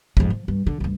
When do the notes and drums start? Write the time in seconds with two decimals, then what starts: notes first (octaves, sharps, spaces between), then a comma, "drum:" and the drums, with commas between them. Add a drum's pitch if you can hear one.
0.17 F2 G#2, drum: kick
0.30 F3
0.48 G2
0.66 D3
0.80 D2 G2